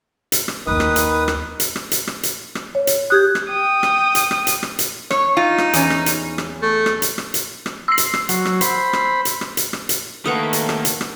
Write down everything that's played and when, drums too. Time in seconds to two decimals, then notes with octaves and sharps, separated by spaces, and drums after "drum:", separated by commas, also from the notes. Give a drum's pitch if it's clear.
0.32 drum: hi-hat
0.48 drum: rim click
0.67 D#2 D#3 D#4 B4 D#6
0.80 drum: rim click
0.96 drum: hi-hat
1.28 drum: rim click
1.60 drum: hi-hat
1.76 drum: rim click
1.91 drum: hi-hat
2.07 drum: rim click
2.23 drum: hi-hat
2.55 drum: rim click
2.75 C#5
2.87 drum: hi-hat
3.10 G4 D#6 F#6 G#6
3.35 drum: rim click
3.49 G5 D#6
3.83 drum: rim click
4.15 drum: hi-hat
4.31 drum: rim click
4.47 drum: hi-hat
4.63 drum: rim click
4.79 drum: hi-hat
5.10 C#5, drum: rim click
5.37 D#4 F4
5.58 drum: rim click
5.73 E2 C#4, drum: hi-hat
5.90 drum: rim click
6.06 drum: hi-hat
6.38 drum: rim click
6.62 A3
6.86 drum: rim click
7.02 drum: hi-hat
7.18 drum: rim click
7.34 drum: hi-hat
7.66 drum: rim click
7.88 C6 E6 C7
7.98 drum: hi-hat
8.14 drum: rim click
8.29 F#3, drum: hi-hat
8.45 drum: rim click
8.61 C5 B5, drum: hi-hat
8.93 drum: rim click
9.25 drum: hi-hat
9.41 drum: rim click
9.57 drum: hi-hat
9.73 drum: rim click
9.89 drum: hi-hat
10.26 D#3 A3 A#3 A#4 B4 F#5 D#6
10.53 drum: hi-hat
10.69 drum: rim click
10.85 drum: hi-hat
11.01 drum: rim click